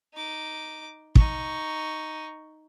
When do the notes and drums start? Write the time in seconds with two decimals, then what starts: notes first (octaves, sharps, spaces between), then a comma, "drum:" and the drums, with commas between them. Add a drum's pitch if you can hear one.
0.14 D#4 D6
1.15 D#4 C#6, drum: kick